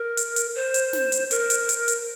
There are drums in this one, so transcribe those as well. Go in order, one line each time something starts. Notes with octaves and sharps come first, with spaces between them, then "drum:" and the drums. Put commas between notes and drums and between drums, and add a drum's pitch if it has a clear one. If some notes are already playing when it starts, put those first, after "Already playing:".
Already playing: A#4
drum: hi-hat
drum: hi-hat
C5
drum: hi-hat
drum: snare
drum: hi-hat
A#4, drum: hi-hat
drum: hi-hat
drum: hi-hat
drum: hi-hat